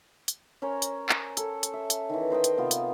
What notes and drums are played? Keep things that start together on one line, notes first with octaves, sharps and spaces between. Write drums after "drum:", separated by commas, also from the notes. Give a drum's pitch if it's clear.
drum: hi-hat
C#4 A#4 C5 C#5
drum: hi-hat
drum: clap
A4, drum: hi-hat
drum: hi-hat
E5
drum: hi-hat
D#3 E3
A#4 C5 D#5 G5
drum: hi-hat
C3 B3 F4
drum: hi-hat